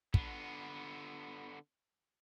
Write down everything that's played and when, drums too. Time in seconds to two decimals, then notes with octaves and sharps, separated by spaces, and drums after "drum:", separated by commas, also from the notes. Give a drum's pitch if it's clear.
0.14 D3 B3, drum: kick